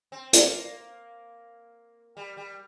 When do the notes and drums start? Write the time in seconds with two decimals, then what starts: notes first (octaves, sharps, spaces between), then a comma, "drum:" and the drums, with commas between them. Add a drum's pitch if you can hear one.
0.12 C4
0.33 A#3, drum: hi-hat
2.17 G3
2.37 G3